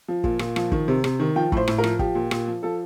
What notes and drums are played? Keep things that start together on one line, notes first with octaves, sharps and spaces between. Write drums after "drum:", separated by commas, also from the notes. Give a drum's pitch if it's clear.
F3
A#2, drum: kick
A#2, drum: rim click
F3, drum: rim click
D#3, drum: kick
C3
C3, drum: rim click
D#3
F3 G5
A2 C5, drum: kick
A2, drum: rim click
A#4
F3, drum: rim click
F3 G4, drum: kick
A#2
A#2, drum: rim click
F3
F3 A4